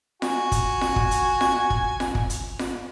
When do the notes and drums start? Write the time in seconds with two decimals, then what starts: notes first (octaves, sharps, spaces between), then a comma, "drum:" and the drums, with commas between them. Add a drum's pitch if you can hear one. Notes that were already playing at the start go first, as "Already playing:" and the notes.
0.22 F#4 G#5, drum: snare F4
0.52 drum: kick, hi-hat
0.81 drum: snare F4
0.96 drum: kick
1.11 drum: hi-hat
1.41 drum: snare F4
1.70 drum: kick
2.00 drum: snare F4
2.15 drum: kick
2.30 drum: hi-hat
2.59 drum: snare F4